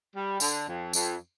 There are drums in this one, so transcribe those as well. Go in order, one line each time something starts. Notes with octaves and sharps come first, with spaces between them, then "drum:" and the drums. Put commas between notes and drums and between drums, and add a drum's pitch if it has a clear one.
G3
D3, drum: tambourine
F2
F2, drum: tambourine